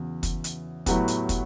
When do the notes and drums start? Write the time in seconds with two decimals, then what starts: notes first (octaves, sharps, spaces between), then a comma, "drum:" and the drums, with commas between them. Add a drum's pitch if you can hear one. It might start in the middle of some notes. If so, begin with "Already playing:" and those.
Already playing: E2 C#3 F#3
0.23 drum: kick, hi-hat
0.44 drum: hi-hat
0.86 A2 F#3 B3 G4, drum: kick, hi-hat
1.08 drum: hi-hat
1.29 drum: kick, hi-hat